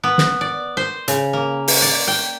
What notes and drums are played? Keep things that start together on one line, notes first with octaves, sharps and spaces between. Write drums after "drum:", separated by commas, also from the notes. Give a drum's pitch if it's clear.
B3
drum: snare
D5
C5
C#3, drum: hi-hat
A#3
drum: open hi-hat
D5
G5